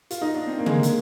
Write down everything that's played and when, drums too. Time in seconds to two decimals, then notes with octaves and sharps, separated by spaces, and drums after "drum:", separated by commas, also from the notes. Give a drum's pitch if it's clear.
0.11 F4, drum: hi-hat
0.22 D#4
0.34 D4
0.47 C4
0.59 A#3
0.66 G#3, drum: tom C#3
0.71 A#3
0.83 drum: hi-hat